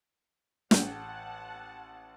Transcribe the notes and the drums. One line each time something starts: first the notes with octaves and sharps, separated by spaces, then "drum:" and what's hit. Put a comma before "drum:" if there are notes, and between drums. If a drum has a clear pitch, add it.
A1 F#5 G5 A5 G6, drum: snare